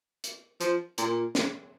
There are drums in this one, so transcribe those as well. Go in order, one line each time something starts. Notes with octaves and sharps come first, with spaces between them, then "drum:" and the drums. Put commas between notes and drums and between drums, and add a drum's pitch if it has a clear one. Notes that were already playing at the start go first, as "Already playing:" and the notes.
drum: hi-hat
F3, drum: hi-hat
A#2, drum: hi-hat
drum: snare